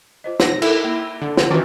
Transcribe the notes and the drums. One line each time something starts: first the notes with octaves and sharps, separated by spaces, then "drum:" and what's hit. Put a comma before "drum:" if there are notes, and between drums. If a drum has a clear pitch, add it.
F4 C5 D#5
D#4 A#6, drum: snare
E4 A4 A#4, drum: cymbal
A#3
D3
drum: snare
D#3 E3 C#4 F4 F#4